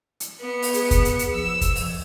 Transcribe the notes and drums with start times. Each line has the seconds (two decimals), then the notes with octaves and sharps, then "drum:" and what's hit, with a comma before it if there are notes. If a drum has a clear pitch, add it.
0.20 drum: hi-hat
0.40 B3 C#7
0.63 drum: open hi-hat
0.74 G#4, drum: hi-hat
0.91 drum: kick, hi-hat
1.05 drum: hi-hat
1.19 drum: hi-hat
1.33 F3 E6
1.61 drum: kick, hi-hat
1.75 drum: open hi-hat